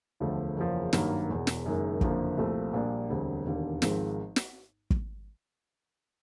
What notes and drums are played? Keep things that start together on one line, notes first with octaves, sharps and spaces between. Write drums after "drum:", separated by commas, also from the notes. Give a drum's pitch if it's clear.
E1 D2 D3 F3 A3
F#1 E2 C#3 F3
G#1 G2 D#3 F#3 A#3, drum: snare
E1 E2 B2
drum: snare
F#1 F#2 D#3 G#3
F#1 F2 D3 F3 A#3, drum: kick
C2 A#2 F3 A3 C4
A#1 A#2 G3 A#3 D4
E1 D2 D3 G3 C4
E1 D#2 D3
G#1 G#2 F3 G#3 C4, drum: snare
drum: snare
drum: kick